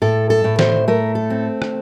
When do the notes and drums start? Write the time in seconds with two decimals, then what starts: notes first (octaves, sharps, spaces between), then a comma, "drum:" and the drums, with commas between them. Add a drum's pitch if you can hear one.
0.02 A2 A4
0.30 A4
0.44 A2
0.59 C5, drum: snare
0.88 A3 A#4
1.15 A4
1.30 C4
1.62 drum: rim click